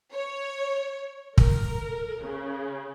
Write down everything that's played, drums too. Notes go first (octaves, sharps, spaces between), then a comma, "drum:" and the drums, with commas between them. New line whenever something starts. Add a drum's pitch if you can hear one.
C#5
A#4, drum: kick
C#3